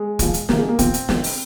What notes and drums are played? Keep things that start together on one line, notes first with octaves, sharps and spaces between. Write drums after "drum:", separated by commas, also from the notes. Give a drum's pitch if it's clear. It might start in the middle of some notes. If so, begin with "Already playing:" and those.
Already playing: G#3
A#2 F3, drum: kick, hi-hat
drum: hi-hat
C3 F3 A#3, drum: snare
G#3
A#3
A#2 F3 C4, drum: kick, hi-hat
drum: hi-hat
C3 F3, drum: snare
drum: open hi-hat